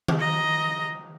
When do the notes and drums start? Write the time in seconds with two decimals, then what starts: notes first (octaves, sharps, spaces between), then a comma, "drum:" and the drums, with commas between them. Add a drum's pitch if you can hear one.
0.08 drum: tom D#3
0.19 D#5 A#5